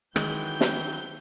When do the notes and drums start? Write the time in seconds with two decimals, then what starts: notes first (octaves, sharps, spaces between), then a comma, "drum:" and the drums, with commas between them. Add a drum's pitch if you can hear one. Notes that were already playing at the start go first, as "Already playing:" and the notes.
0.16 D#3 E3 F#3 G#3 G5 G6, drum: rim click
0.61 drum: snare